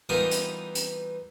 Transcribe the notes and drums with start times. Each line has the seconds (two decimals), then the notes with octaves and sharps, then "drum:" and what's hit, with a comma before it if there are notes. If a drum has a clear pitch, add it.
0.09 E3 G3 B3 D#4 F4 A#4
0.31 drum: hi-hat
0.75 drum: hi-hat